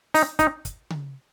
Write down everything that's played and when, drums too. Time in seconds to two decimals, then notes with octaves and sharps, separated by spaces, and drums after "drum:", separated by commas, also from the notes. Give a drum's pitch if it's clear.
0.14 D#4, drum: open hi-hat
0.39 D#4, drum: kick, hi-hat
0.65 drum: kick, hi-hat
0.90 drum: tom C#3